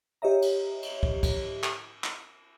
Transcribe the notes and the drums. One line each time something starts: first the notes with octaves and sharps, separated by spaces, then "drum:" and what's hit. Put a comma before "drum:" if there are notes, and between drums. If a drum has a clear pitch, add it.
G4 C#5 D#5 E5 A#5
drum: cymbal
drum: cymbal
drum: kick
drum: kick, cymbal
drum: clap
drum: clap